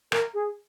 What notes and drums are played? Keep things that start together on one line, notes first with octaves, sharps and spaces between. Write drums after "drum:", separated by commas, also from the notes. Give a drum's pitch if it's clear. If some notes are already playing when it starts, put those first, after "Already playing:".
A#4, drum: rim click
G#4